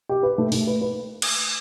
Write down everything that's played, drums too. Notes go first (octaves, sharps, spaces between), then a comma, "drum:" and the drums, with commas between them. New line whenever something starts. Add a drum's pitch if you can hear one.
G4
B4
A3
A3, drum: open hi-hat
B4
B4
drum: cymbal